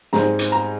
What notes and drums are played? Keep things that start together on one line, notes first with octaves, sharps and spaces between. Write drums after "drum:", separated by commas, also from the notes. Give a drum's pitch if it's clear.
G#2 G3 C4 D#4 A#5, drum: snare
drum: hi-hat
A#5